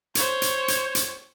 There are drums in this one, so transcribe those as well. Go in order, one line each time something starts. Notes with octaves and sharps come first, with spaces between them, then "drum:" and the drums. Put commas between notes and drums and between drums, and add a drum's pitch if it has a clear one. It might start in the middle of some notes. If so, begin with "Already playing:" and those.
C5 C#5, drum: hi-hat
drum: hi-hat
drum: hi-hat
drum: hi-hat